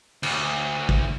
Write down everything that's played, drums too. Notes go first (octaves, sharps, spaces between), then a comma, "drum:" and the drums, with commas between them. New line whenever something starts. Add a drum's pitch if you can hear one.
D2, drum: cymbal
drum: kick